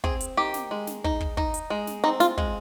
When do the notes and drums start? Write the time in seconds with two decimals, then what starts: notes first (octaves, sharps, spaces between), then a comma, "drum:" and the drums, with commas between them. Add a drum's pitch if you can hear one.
0.04 C4 G#4, drum: kick
0.20 drum: hi-hat
0.37 D#3 G4
0.54 drum: snare
0.71 G#3
0.87 drum: snare
1.04 D#4, drum: kick
1.21 drum: kick
1.37 D#4, drum: kick
1.54 drum: hi-hat
1.70 G#3
1.87 drum: snare
2.04 C4 D#4
2.20 F4, drum: snare
2.38 G#3, drum: kick